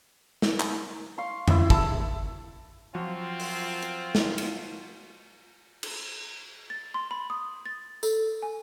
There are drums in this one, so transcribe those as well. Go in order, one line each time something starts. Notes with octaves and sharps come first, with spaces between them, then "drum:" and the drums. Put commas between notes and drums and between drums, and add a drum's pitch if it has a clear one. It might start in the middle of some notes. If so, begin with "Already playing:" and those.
drum: snare
drum: clap
F5 C6 C#6
E4 D#6, drum: tom F2
A5 E6, drum: kick
F3 F#3 C4 F4 F#4
drum: open hi-hat
drum: hi-hat
drum: snare
drum: cymbal
drum: cymbal
A6
C6
B5
D#6
A6
A4, drum: tambourine
G#5